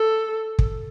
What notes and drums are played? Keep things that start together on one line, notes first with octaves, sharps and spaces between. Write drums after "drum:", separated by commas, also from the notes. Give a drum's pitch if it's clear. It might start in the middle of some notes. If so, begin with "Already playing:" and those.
Already playing: A4
drum: kick